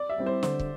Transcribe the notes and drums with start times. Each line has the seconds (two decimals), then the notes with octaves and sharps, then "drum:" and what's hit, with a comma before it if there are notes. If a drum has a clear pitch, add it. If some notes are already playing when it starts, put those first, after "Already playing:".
Already playing: D5
0.09 E5
0.18 G3 C4 E4
0.26 C5
0.43 D3 C5, drum: snare
0.59 drum: kick